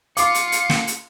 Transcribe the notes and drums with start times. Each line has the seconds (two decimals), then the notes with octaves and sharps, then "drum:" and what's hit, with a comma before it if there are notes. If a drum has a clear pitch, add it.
0.17 F4 F5 D6 C#7, drum: hi-hat
0.34 drum: hi-hat
0.52 drum: hi-hat
0.70 drum: snare
0.87 drum: hi-hat